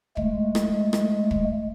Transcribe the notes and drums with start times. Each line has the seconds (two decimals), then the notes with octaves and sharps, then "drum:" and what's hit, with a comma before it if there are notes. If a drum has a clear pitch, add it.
0.17 G#3 A3, drum: kick
0.55 drum: rim click
0.93 drum: rim click
1.31 drum: kick